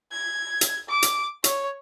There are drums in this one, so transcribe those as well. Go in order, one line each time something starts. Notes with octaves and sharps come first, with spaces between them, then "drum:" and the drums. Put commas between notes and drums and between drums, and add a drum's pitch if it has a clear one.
G#6
drum: hi-hat
D6
drum: hi-hat
C#5, drum: hi-hat